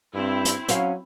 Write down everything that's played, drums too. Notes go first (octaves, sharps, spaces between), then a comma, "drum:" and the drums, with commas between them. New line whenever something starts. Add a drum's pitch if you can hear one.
G2 C4 E4
drum: hi-hat
F#3 C#4 C5 F5, drum: hi-hat